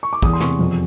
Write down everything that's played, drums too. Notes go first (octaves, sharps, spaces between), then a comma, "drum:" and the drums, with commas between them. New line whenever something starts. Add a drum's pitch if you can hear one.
C#6
D6
E2 D#6, drum: kick
C6
C3 C#6, drum: snare
F2